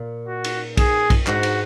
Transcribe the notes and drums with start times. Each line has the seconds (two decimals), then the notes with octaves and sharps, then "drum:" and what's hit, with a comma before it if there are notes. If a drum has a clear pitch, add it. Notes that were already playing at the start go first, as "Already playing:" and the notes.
Already playing: A#2
0.28 F#4
0.44 drum: cymbal
0.77 G#4, drum: kick, cymbal
1.10 drum: kick, cymbal
1.27 G#2 F#4, drum: clap
1.43 drum: cymbal